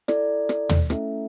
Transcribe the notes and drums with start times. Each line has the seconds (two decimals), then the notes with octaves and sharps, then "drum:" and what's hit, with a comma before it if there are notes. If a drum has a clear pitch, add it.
0.08 E4 A4 D5, drum: rim click
0.49 drum: rim click
0.69 drum: tom
0.90 A3 C#4 E4 A4 E5, drum: rim click